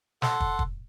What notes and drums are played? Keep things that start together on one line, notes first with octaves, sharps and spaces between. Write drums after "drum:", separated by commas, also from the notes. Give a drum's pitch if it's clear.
A4 F#5 C6, drum: snare
drum: kick
drum: kick